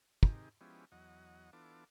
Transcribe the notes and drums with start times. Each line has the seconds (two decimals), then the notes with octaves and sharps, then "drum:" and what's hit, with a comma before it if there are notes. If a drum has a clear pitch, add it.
0.23 C3 D#3 D#4 G4 G#4, drum: kick
0.61 F3 G#3 B3 C#4 E4 G4
0.92 E2 F#3 D#5 F#5
1.53 E3 B3 D4 F4 A4 D6